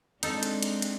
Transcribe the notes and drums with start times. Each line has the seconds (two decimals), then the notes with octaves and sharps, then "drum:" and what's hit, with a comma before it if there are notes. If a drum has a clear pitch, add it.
0.23 G#3 C4 D4 D#4 A4, drum: hi-hat
0.43 drum: hi-hat
0.63 drum: hi-hat
0.82 drum: hi-hat